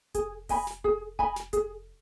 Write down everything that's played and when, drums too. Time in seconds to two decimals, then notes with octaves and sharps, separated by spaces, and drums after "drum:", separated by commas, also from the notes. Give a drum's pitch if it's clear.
0.14 G#4, drum: kick F1, hi-hat
0.49 D#5 G#5 B5, drum: kick F1, open hi-hat
0.67 drum: snare
0.84 G#4, drum: kick F1
1.19 D#5 G#5 B5, drum: kick F1
1.36 drum: snare
1.53 G#4, drum: kick F1, hi-hat